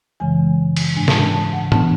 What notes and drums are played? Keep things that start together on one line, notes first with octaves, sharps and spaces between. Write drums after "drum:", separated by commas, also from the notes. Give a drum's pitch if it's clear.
F#2 C#3 E3 G#3 G#5
drum: cymbal
G#2 G#3 D4 G#5
A5, drum: snare
A5
A5
F#5
E3 B3 D4 A5, drum: tom